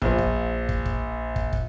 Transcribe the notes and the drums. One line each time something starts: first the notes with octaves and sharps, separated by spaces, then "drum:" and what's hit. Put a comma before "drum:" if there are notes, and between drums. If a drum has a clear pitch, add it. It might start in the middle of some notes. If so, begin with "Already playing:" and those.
A#1 F3, drum: kick
drum: kick
drum: kick
drum: kick
drum: kick
drum: kick